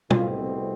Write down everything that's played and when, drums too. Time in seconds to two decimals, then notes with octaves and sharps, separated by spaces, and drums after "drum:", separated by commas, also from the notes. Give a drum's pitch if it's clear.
0.10 C2 B2 A3 C4 F4, drum: tom